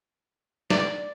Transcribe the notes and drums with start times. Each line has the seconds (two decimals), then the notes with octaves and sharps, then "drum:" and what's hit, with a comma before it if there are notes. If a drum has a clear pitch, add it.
0.70 D5, drum: snare